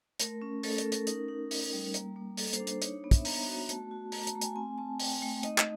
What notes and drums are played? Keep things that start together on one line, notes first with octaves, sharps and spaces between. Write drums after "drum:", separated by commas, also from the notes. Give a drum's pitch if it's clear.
A3 A#4, drum: hi-hat
C#4
A3 A4, drum: open hi-hat
A#4, drum: hi-hat
C#4
A#4, drum: hi-hat
D#4 A#4, drum: hi-hat
D#4
D#4, drum: open hi-hat
G3
A#3, drum: hi-hat
A#3
A#3 A4, drum: open hi-hat
C5, drum: hi-hat
D4
C5, drum: hi-hat
D#4 C#5, drum: hi-hat
B3
E5, drum: kick, hi-hat
B3 A#5, drum: open hi-hat
F#4
A3 A5, drum: hi-hat
F#4
A3 A#5, drum: open hi-hat
A5, drum: hi-hat
A3
G#5, drum: hi-hat
C4 G#5
C4 A5
C4 G5, drum: open hi-hat
A3
D#4 D#5, drum: hi-hat
drum: clap